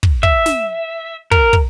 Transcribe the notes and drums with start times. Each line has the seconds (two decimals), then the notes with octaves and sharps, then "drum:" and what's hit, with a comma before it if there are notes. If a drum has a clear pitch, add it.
0.03 drum: kick
0.23 E5, drum: kick
0.46 drum: snare
1.31 A#4, drum: kick
1.53 drum: kick